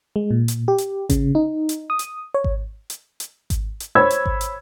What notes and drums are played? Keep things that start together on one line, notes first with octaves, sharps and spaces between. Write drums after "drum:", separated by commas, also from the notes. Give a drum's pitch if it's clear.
G#3
A#2
drum: hi-hat
G4
drum: hi-hat
C#3, drum: kick G#1, hi-hat
D#4
drum: hi-hat
D#6
drum: hi-hat
C#5
drum: kick G#1
drum: hi-hat
drum: hi-hat
drum: kick G#1, hi-hat
drum: hi-hat
C5 C#5 B5 E6 G#6
drum: hi-hat
drum: kick G#1
drum: hi-hat